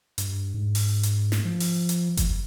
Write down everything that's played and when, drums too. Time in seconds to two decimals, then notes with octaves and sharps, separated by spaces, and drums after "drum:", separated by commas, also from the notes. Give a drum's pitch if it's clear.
0.18 G2, drum: hi-hat
0.54 G#2
0.75 drum: open hi-hat
1.03 drum: hi-hat
1.32 drum: snare
1.45 F3
1.60 drum: open hi-hat
1.89 drum: hi-hat
2.17 drum: kick G1, hi-hat